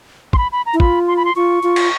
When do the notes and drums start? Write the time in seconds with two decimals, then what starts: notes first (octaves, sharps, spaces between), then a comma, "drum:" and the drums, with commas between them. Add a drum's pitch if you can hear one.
0.33 C6, drum: kick
0.38 B5
0.52 B5
0.66 A#5
0.74 E4
0.80 F4 B5, drum: kick
1.08 C6
1.17 B5
1.25 C6
1.36 F4 C#6
1.63 F4
1.76 drum: cymbal